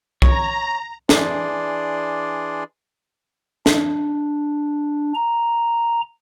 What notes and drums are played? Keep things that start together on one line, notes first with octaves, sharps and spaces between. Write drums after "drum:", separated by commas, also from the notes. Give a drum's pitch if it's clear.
C#5 A#5, drum: kick B1
E3 D4 G#4 D5 C6, drum: snare
D4, drum: snare
A#5